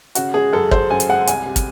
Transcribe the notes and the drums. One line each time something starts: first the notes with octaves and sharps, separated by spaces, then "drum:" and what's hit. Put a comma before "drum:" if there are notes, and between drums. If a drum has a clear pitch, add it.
C#3 F#4, drum: hi-hat
G#3 G#4
F#2 A4
F#2 C5, drum: kick
F#2 G#5
drum: hi-hat
G#3 F#5
C2 G#5, drum: hi-hat
C3
drum: kick, hi-hat